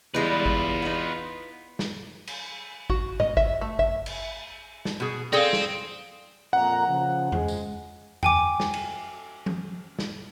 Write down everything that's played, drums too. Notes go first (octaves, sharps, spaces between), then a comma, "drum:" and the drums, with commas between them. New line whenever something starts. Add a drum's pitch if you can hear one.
E2 G3 G#3 E4 F4 B4
drum: kick G#1
B3 D#4
drum: snare
drum: cymbal
F#4, drum: kick G#1
D#5, drum: tom G2
E5, drum: kick G#1
A3
E5, drum: kick G#1
drum: cymbal
drum: snare
B2 G#4
C4 G#4 A4 D5 F5 G5
drum: snare
F2 A#2 F#5 A#5
C#3 F3
G#3, drum: tom E2
drum: tambourine
G5 G#5 D6, drum: tom E2
drum: snare
drum: cymbal
drum: tom F3
drum: snare